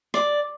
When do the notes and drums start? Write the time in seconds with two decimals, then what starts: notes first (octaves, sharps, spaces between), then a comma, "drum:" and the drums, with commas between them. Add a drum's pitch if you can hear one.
0.14 D5, drum: rim click